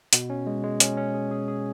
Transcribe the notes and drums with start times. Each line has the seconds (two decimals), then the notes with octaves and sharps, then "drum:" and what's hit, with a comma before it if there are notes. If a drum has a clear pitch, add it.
0.13 B2, drum: hi-hat
0.30 C#4
0.47 G#3
0.64 G#3
0.80 C#4, drum: hi-hat
0.97 C#4
1.14 G#4
1.31 G#4
1.48 G#4